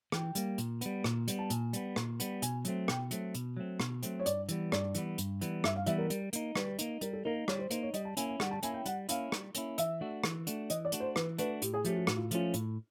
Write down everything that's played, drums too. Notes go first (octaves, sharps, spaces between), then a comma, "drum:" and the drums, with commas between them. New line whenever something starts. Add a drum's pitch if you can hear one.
E3 G5, drum: rim click
G3 A#3, drum: hi-hat
A#2, drum: hi-hat
G3 B3, drum: hi-hat
A#2, drum: rim click
G3 B3, drum: hi-hat
A5
A#2 G#5, drum: hi-hat
G3 B3, drum: hi-hat
A#2, drum: rim click
G3 B3, drum: hi-hat
B2 G#5, drum: hi-hat
F#3 A3 C4, drum: hi-hat
B2 G5, drum: rim click
F#3 A3 C4, drum: hi-hat
B2, drum: hi-hat
F#3 A3 C4
B2, drum: rim click
F#3 A3 C4, drum: hi-hat
C#5
G2 D5, drum: hi-hat
E3 G3 B3, drum: hi-hat
G2 D5, drum: rim click
E3 G3 B3, drum: hi-hat
G2, drum: hi-hat
E3 G3 B3, drum: hi-hat
G2 E5, drum: rim click
F5
E3 G3 B3 E5, drum: hi-hat
A#4
G3, drum: hi-hat
A#3 D#4, drum: hi-hat
G3 B4, drum: rim click
A#3 D#4, drum: hi-hat
G3 A#4, drum: hi-hat
A4
A#3 D#4 A#4
G3 C#5, drum: rim click
C5
A#3 D#4 C5, drum: hi-hat
C#5
G3 D#5, drum: hi-hat
A5
A#3 C#4 E4 G#5, drum: hi-hat
G#5
G3 F#5, drum: rim click
A5
A#3 C#4 E4 G#5, drum: hi-hat
G5
G3 F#5, drum: hi-hat
A#3 C#4 E4 F5, drum: hi-hat
G3, drum: rim click
A#3 C#4 E4, drum: hi-hat
E3 E5, drum: hi-hat
A3 D4 F#4
E3, drum: rim click
A3 D4 F#4, drum: hi-hat
E3 D#5, drum: hi-hat
D5
A3 D4 F#4, drum: hi-hat
C5
E3 B4, drum: rim click
A3 D4 F#4 B4, drum: hi-hat
A2 G4, drum: hi-hat
G#4
F3 A3 C#4 G4, drum: hi-hat
F#4
A2 F#4, drum: rim click
F4
F3 A3 C#4 F4, drum: hi-hat
A2, drum: hi-hat